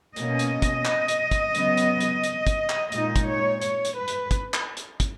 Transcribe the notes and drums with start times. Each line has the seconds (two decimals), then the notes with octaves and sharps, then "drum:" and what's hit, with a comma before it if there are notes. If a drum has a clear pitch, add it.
0.16 B2 A#3 C#4 D#5, drum: hi-hat
0.39 drum: hi-hat
0.62 drum: kick, hi-hat
0.85 drum: clap
1.08 drum: hi-hat
1.31 drum: kick, hi-hat
1.55 C#3 F#3 B3, drum: hi-hat
1.77 drum: hi-hat
2.00 drum: hi-hat
2.23 drum: hi-hat
2.47 drum: kick, hi-hat
2.70 drum: clap
2.92 A#2 G#3 D#4 D#5, drum: hi-hat
3.16 drum: kick, hi-hat
3.27 C#5
3.62 C#5, drum: hi-hat
3.85 drum: hi-hat
3.96 B4
4.08 drum: hi-hat
4.31 drum: kick, hi-hat
4.54 drum: clap
4.77 drum: hi-hat
5.00 drum: kick, hi-hat